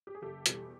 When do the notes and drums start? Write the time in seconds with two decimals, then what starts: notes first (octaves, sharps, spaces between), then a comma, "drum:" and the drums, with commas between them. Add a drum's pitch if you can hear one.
0.07 G4
0.15 G#4
0.22 F#1 G4 A4
0.46 E2 B2 G3, drum: hi-hat